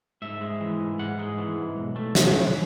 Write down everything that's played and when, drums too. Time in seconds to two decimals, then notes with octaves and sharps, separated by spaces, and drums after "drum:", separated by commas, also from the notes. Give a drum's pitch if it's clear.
0.22 G#2 E5
0.41 G#3
0.61 E3
0.80 G#2
0.99 G#2 F#5
1.19 G#3
1.38 E3
1.58 G#2
1.77 B1
1.96 A3
2.15 B2, drum: snare
2.35 B1